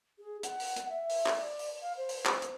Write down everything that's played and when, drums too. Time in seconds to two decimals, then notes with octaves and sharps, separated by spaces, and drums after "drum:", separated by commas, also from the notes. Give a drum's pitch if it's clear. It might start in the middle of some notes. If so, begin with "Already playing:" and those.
0.19 G#4
0.43 F#5, drum: hi-hat
0.60 drum: open hi-hat
0.77 drum: hi-hat
0.89 E5
1.10 drum: open hi-hat
1.26 drum: clap
1.37 D5
1.59 drum: open hi-hat
1.82 F5
1.97 C5
2.09 drum: open hi-hat
2.26 drum: clap
2.42 drum: hi-hat